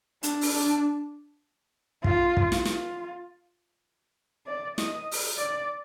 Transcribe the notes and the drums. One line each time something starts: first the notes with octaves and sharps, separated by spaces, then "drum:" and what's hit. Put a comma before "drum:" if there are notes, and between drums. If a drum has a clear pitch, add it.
D4, drum: hi-hat
drum: open hi-hat
D4
F4, drum: kick
drum: kick
drum: snare
F4, drum: snare
D5
D#5, drum: snare
drum: open hi-hat
D5